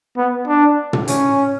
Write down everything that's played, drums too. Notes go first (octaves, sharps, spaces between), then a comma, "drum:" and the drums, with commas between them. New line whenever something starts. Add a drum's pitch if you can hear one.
B3
D4
drum: tom
C#4, drum: hi-hat